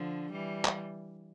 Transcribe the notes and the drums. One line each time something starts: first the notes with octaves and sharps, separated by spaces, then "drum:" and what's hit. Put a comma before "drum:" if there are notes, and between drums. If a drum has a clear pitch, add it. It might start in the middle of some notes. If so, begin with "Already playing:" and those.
Already playing: D3 F3
E3 G3
drum: clap